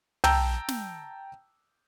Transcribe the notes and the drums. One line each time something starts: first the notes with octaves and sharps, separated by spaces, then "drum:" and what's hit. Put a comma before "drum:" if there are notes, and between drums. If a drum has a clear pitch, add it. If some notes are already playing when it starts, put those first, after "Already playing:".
G5 A5 A#5 E6 G6, drum: tom
drum: snare